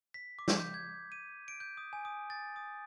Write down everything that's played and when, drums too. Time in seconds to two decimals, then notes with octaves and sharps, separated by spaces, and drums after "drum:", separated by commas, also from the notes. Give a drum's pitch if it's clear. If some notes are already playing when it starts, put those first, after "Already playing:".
0.14 B6
0.39 D6
0.48 drum: snare
0.60 G6
0.74 G#6
1.12 D#7
1.48 D7
1.60 G6
1.77 D#6
1.93 G#5
2.05 D#6
2.30 A6
2.56 D#6